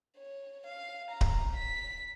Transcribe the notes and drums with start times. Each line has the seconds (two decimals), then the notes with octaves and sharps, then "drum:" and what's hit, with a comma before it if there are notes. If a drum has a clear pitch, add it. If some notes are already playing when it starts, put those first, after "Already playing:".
0.17 C#5
0.66 F5
1.11 A#5
1.21 drum: kick D1
1.56 B6